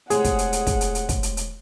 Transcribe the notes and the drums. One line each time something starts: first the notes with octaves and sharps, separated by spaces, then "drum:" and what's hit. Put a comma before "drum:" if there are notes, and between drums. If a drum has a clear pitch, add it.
A2 C3 G#3 G#4 F#5, drum: hi-hat
drum: kick, hi-hat
drum: hi-hat
drum: hi-hat
drum: kick, hi-hat
drum: hi-hat
drum: hi-hat
drum: kick, hi-hat
drum: hi-hat
drum: hi-hat